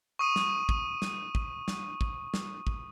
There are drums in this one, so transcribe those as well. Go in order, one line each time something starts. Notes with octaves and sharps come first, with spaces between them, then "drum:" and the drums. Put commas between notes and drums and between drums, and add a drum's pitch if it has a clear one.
C#6 D#6 D#7
drum: snare
drum: kick
drum: snare
drum: kick
drum: snare
drum: kick
drum: snare
drum: kick